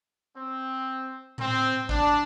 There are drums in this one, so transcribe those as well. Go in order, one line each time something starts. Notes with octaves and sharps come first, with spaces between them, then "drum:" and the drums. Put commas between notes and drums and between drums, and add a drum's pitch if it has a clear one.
C4
C4, drum: tom A2
D4, drum: kick A1